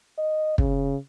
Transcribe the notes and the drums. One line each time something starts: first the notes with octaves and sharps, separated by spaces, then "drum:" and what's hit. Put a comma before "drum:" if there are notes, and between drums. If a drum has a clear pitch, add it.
D#5
C#3, drum: kick